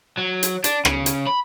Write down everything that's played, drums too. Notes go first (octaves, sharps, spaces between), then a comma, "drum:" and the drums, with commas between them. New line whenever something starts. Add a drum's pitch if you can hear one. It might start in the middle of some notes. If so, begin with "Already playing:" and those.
F#3
drum: hi-hat
D4, drum: hi-hat
C#3, drum: rim click
drum: hi-hat
B5